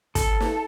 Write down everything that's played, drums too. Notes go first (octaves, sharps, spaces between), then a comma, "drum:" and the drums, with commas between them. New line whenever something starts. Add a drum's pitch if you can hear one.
A4, drum: kick, hi-hat
drum: snare